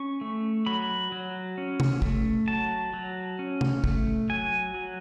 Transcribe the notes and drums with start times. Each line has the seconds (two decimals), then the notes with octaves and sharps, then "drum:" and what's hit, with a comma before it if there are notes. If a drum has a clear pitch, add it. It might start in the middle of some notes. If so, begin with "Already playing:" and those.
Already playing: C#4 C#6
0.21 A3
0.66 F#3 B5
1.12 F#3
1.58 C#4
1.80 drum: tom C3
2.02 A3, drum: kick
2.48 F#3 A5
2.94 F#3
3.39 C#4
3.61 drum: tom C3
3.84 A3, drum: kick
4.29 F#3 G#5
4.74 F#3